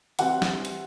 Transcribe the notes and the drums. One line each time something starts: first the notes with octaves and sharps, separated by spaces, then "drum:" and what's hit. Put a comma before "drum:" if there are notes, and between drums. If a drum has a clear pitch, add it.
E3 G3 C4 F#5, drum: hi-hat
drum: snare
drum: hi-hat